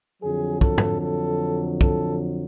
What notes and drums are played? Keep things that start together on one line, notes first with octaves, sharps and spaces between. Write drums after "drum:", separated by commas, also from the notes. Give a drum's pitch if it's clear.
F2 D3 F#3 G#4
A4, drum: kick
drum: tom
A4
A4, drum: kick